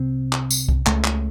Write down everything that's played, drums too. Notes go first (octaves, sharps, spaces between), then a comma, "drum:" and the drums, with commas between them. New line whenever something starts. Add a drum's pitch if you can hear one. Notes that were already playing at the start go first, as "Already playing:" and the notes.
Already playing: C2 C3 C4
drum: clap
drum: tambourine
drum: kick C2
C#2 C#3 A3, drum: clap
drum: clap